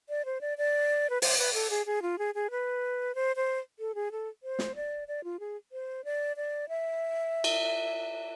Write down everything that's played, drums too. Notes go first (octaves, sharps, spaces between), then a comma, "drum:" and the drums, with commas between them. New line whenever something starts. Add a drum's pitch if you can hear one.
D5
C5
D5
D5
B4
C5, drum: open hi-hat
B4
A4
G#4
G#4
F4
G#4
G#4
B4
C5
C5
A4
G#4
A4
C5
drum: snare
D5
D5
F4
G#4
C5
D5
D5
E5
drum: cymbal